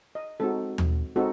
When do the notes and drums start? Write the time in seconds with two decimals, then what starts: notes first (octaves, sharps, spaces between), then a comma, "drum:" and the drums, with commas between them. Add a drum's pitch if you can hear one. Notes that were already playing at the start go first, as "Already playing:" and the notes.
0.15 D#5
0.40 G#3 C4 D#4 F#4 A4
0.78 drum: tom D#2
1.16 G#3 C4 D#4 F#4 A4